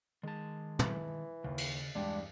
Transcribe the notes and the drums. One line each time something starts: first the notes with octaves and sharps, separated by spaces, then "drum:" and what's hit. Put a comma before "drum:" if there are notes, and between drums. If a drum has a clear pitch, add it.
D#3 G#3 A5
E3, drum: tom
D#2 C#3
drum: cymbal
E2 G2 G#3 D4 G5